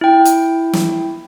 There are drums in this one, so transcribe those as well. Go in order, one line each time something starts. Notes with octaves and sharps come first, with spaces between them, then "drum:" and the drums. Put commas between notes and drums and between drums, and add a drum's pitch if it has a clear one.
E4 G5
drum: hi-hat
drum: snare